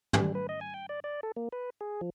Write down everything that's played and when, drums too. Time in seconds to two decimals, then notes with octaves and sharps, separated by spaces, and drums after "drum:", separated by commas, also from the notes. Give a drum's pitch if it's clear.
0.13 G3, drum: tom
0.35 B4
0.49 D#5
0.61 G#5
0.74 G5
0.89 D5
1.04 D5
1.23 A4
1.36 A#3
1.52 B4
1.81 G#4
2.01 F3